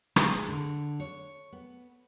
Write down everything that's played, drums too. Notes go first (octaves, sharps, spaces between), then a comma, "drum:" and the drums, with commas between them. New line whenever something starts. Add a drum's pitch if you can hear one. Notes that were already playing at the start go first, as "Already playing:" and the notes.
G#3, drum: rim click
D3
C#5
B3